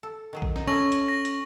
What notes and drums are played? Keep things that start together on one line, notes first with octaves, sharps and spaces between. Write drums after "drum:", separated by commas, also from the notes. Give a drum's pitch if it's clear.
A4
D#3 F#3 G#4
drum: kick A#1
D#4, drum: snare
A3 C#4 E4 C#6 A#6 F#7
drum: hi-hat
A#6
drum: hi-hat